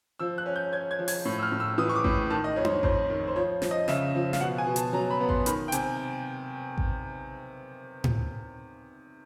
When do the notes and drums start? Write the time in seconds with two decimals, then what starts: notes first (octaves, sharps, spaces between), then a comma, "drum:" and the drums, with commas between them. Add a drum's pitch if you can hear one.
0.19 F3 E6
0.38 F#6
0.46 C#4
0.56 G6
0.72 C#4 G#6
0.91 G#6
0.99 F3
1.08 G#6, drum: open hi-hat
1.25 A2
1.39 E6
1.42 F6
1.52 A2
1.60 E6
1.78 E3 D#6
1.89 C#6
1.96 D6
2.04 A2, drum: kick A1
2.30 D#3 A5
2.44 D#5
2.56 F2 C#5
2.65 C5, drum: tom D4
2.70 C#5
2.83 F2 C5, drum: kick A1
3.10 D#3
3.27 C5
3.36 F3 C#5
3.62 F3, drum: snare
3.71 D#5
3.88 C#3 E5, drum: snare
4.15 F3
4.33 F5, drum: snare
4.41 B2 F#5
4.58 G#5
4.67 B2
4.76 A5, drum: hi-hat
4.93 F#3 A#5
5.10 B5
5.20 B3
5.29 C6, drum: kick A1
5.46 D#3 B5, drum: hi-hat
5.68 G5
5.72 C3 G#5, drum: hi-hat
6.78 drum: kick A1
8.04 drum: tom A2